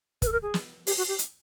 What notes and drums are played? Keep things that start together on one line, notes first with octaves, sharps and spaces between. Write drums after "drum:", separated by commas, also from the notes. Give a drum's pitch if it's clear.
B4, drum: kick, hi-hat
A4
A#4
G#4
drum: snare
G4, drum: open hi-hat
F#4
G4
drum: hi-hat